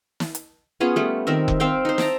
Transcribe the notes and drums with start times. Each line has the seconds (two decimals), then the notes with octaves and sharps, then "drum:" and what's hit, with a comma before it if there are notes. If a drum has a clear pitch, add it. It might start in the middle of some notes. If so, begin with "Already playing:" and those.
0.20 drum: snare
0.35 drum: hi-hat
0.80 B3 C#4 F4 G#4
0.96 G3 A3 B3
1.27 D#3 C4 A#4 E5
1.48 drum: kick F1
1.60 C4 E5 F5 G5
1.85 D#4 C5
1.98 E5 G5 A5 A#5, drum: snare